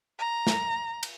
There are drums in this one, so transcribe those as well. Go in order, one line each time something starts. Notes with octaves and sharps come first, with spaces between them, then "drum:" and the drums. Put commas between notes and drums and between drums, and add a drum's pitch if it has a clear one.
A#5
drum: snare
drum: cymbal